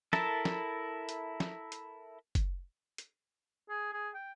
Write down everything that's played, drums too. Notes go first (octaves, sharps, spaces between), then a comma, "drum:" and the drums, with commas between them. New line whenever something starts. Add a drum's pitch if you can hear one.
E4 A4 A#4 E5 A5, drum: snare
drum: snare
drum: hi-hat
drum: snare
drum: hi-hat
drum: kick F#1, hi-hat
drum: hi-hat
G#4
G#4
G5